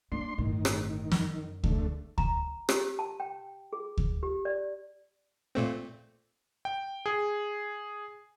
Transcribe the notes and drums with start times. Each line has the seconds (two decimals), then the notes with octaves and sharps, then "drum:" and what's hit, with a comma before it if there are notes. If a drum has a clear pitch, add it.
0.12 A#3 D4 C6
0.38 G1 A2 D#3
0.65 drum: rim click
1.12 F#2, drum: snare
1.64 D3 A3, drum: kick D2
2.18 A#5, drum: kick D2
2.69 G4, drum: rim click
2.99 A5
3.20 G5
3.73 G#4
3.98 drum: kick D2
4.23 G4
4.45 D5
5.55 A#2 A3 C4
6.65 G5
7.06 G#4